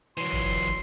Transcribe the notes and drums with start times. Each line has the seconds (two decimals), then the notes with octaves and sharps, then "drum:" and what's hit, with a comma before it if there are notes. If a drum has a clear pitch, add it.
0.17 E3 F#3 C6
0.32 drum: tom